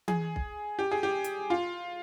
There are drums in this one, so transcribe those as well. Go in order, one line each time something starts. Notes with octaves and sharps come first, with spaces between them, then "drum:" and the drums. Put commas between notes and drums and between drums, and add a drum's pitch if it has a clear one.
G#4, drum: tom E3
drum: kick B1
G4
G#4
G4
drum: hi-hat
F4